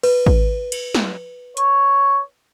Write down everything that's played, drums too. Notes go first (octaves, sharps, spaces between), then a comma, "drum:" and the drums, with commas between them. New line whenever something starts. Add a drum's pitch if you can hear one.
B4, drum: cymbal
drum: kick
drum: cymbal
drum: snare
C#5, drum: hi-hat